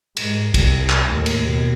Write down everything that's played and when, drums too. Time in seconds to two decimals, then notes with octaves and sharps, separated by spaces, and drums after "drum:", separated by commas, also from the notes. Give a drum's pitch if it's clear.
0.17 G#2, drum: cymbal
0.54 C2, drum: kick, cymbal
0.90 drum: clap
1.08 D#2 A2
1.26 drum: cymbal
1.37 D#2 B2